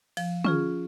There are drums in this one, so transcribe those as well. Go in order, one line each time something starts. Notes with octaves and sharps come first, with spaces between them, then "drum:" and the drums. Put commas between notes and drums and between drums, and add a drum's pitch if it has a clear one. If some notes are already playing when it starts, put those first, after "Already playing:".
F3, drum: cymbal
C#4 F4 G#4, drum: tom